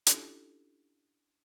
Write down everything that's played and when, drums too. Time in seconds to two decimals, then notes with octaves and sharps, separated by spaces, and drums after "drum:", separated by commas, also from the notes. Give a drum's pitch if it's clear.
0.07 C#4 D4 E4 F4 G4 A4, drum: hi-hat